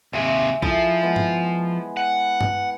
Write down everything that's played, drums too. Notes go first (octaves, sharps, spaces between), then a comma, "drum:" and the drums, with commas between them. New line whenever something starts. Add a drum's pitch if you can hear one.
D#2 C3 E5 G#5
F3 E4 G#4 A4, drum: kick B1
G#3 B3
drum: tom G2
F#5
drum: tom G2